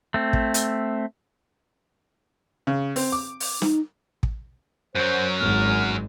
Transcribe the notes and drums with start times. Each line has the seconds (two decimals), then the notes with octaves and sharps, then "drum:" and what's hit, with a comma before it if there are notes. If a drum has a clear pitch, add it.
0.14 A3 C4
0.33 drum: kick
0.54 drum: hi-hat
2.67 C#3
2.96 C4, drum: open hi-hat
3.12 D6
3.40 drum: open hi-hat
3.62 D#4, drum: snare
4.23 drum: kick
4.95 F#2 F#3 C5
5.40 G#1 F6